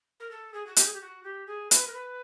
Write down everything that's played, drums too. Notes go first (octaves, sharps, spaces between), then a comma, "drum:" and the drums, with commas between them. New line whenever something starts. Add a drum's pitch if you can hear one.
A#4
A4
G#4
F#4
G4, drum: hi-hat
G#4
G4
F#4
G4
G#4
B4, drum: hi-hat
A#4
B4